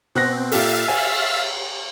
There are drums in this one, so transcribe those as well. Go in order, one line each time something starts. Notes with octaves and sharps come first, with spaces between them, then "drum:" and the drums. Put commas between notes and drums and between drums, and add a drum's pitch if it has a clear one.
B2 C4 F#6 A#6
A#2 G4 A4 E5 F5 A6, drum: open hi-hat
G#5, drum: cymbal